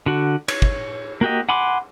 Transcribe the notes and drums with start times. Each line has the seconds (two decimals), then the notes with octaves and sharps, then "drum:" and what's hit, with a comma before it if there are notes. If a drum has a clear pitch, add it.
0.06 D3 F#4
0.48 C#5, drum: cymbal
0.62 drum: kick
1.21 A#3 F#4 G4 D#5
1.49 F#5 G#5 B5 C6 D6